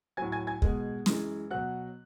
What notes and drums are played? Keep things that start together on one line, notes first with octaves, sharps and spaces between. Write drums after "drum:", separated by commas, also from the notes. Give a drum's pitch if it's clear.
A2 F#3 G#5 G#6
G#5 G#6
G#5 G#6
B2 G#3, drum: kick
F#2 E3 G#3, drum: snare
B2 F#3 F#5 F#6